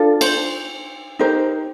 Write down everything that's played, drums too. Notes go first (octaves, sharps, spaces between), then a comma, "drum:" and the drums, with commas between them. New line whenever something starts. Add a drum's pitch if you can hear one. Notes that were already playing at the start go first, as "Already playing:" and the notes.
Already playing: D4 F4 A4
C5, drum: cymbal
D#4 G4 A#4 C5